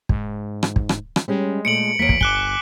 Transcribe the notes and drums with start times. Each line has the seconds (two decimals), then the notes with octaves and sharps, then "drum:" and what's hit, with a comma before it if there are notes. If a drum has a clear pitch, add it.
0.09 G#2, drum: kick
0.63 drum: rim click
0.76 drum: kick
0.89 drum: rim click
1.16 drum: rim click
1.28 G3 G#3 C#4
1.65 A#2 A3 C#7 D7 F#7
1.99 E2 A#3 C#5 B6 D7
2.09 drum: kick
2.21 G1 G#5 D6 F#6 G7, drum: kick